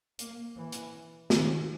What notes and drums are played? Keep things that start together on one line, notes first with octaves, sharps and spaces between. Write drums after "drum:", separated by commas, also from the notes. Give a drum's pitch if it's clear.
A#3, drum: hi-hat
E3
drum: hi-hat
D#3, drum: snare